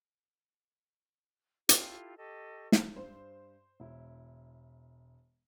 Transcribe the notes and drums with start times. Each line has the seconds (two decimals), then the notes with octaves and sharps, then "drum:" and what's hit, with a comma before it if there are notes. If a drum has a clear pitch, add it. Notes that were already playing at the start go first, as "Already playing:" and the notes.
1.69 E4 F4 G4 A4, drum: hi-hat
2.17 G4 A4 D#5 C#6
2.72 drum: snare
2.96 G2 C5
3.80 E1 E4